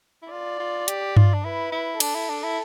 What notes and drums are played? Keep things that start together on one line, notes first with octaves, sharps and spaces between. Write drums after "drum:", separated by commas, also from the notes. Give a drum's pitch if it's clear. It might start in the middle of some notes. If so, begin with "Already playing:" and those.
E4
F4 D5
F4
G4, drum: hi-hat
F4, drum: tom G2
D4
E4 B4
E4
D4 A4, drum: cymbal
E4
D4
E4